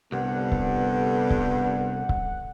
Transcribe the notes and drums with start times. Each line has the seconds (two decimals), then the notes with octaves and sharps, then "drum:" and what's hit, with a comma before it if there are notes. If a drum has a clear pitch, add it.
0.12 C2 G2 D3 B3 F#5
0.52 drum: kick C#1
1.30 drum: kick C#1
2.09 drum: kick C#1